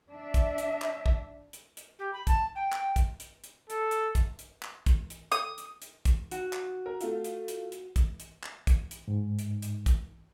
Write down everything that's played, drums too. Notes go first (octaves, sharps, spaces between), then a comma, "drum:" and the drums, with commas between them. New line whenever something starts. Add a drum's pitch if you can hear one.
D4 E5
drum: kick, hi-hat
drum: hi-hat
drum: clap
drum: kick
drum: hi-hat
drum: hi-hat
G4
B5
A5, drum: kick, hi-hat
G5
G5, drum: clap
drum: kick, hi-hat
drum: hi-hat
drum: hi-hat
A4, drum: hi-hat
drum: hi-hat
drum: kick, hi-hat
drum: hi-hat
drum: clap
drum: kick, hi-hat
drum: hi-hat
D#6, drum: hi-hat
drum: hi-hat
drum: hi-hat
drum: kick, hi-hat
F#4, drum: hi-hat
drum: clap
A#4
A3 F4, drum: hi-hat
drum: hi-hat
drum: hi-hat
drum: hi-hat
drum: kick, hi-hat
drum: hi-hat
drum: clap
drum: kick, hi-hat
drum: hi-hat
G#2
drum: hi-hat
drum: hi-hat
drum: kick, hi-hat